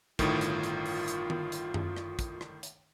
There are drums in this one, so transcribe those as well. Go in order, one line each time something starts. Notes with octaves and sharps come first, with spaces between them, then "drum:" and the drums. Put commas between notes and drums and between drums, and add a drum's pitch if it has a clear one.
G1 A2 D#3 F4, drum: kick, hi-hat
drum: hi-hat
drum: hi-hat
drum: open hi-hat
drum: hi-hat
drum: tom D#3
drum: hi-hat
drum: tom F#2
drum: rim click
drum: kick, hi-hat
drum: rim click
drum: hi-hat